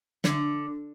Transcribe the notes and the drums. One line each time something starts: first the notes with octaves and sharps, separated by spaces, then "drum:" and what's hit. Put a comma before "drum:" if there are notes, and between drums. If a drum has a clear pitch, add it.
D3, drum: snare